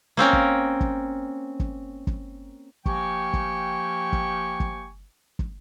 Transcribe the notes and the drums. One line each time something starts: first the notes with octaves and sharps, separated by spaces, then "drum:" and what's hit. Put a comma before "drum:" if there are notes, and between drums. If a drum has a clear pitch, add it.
A#3 C4 C#4 A#4
drum: kick
drum: kick
drum: kick
drum: kick
F3 A#3 G4 G5 G#5 C#6, drum: kick
drum: kick
drum: kick
drum: kick
drum: kick